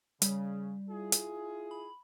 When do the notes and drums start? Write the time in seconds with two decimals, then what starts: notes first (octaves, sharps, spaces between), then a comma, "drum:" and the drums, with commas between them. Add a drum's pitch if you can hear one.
0.22 C#3 G3, drum: hi-hat
0.89 E4 F4 G#4
1.12 drum: hi-hat
1.71 B5